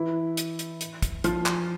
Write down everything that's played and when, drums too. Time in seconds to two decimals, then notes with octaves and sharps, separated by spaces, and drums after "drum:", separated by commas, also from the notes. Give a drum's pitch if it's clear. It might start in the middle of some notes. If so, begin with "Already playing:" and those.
Already playing: E3 E4
0.37 drum: hi-hat
0.59 drum: hi-hat
0.81 drum: hi-hat
1.02 drum: kick, hi-hat
1.24 F3 F4, drum: hi-hat
1.46 drum: clap